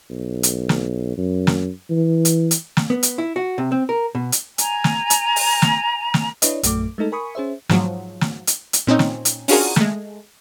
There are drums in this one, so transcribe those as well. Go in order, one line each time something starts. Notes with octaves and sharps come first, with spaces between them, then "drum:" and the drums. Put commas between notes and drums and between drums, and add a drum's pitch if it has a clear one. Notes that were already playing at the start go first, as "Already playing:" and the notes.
B1
drum: hi-hat
drum: snare
F#2
drum: snare
E3
drum: hi-hat
drum: hi-hat
drum: snare
B3
drum: hi-hat
E4
F#4
C3
C4
A#4
B2
drum: hi-hat
G#5 A#5, drum: hi-hat
drum: snare
drum: hi-hat
drum: open hi-hat
drum: snare
drum: snare
D4 E4 B4 C#5 D#5, drum: hi-hat
A#1 F#2 A3 D6, drum: hi-hat
G#3 A3 D#4 A4
A#4 G#5 B5 C#6 D#6
C#4 G#4 C5 E5
G#2 F3 F#3, drum: snare
drum: snare
drum: hi-hat
drum: hi-hat
A#2 C4 C#4 D#4
drum: snare
drum: hi-hat
C#4 D4 F4 F#4 G#4 A#4, drum: open hi-hat
G#3 A3, drum: snare